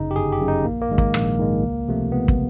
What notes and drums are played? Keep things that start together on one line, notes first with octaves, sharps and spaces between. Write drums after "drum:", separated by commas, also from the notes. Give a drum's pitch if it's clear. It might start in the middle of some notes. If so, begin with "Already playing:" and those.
Already playing: G1 F#2 C#3 D#4
G4
G1 G#4
G4
F#2 C#3
D#4
A#1 A#3
A#3
G#2 D#3 G#3
A#3, drum: kick
A#1, drum: rim click
G#2 D#3 G#3
C#2
C3 F3 A3
C#2 B3
drum: kick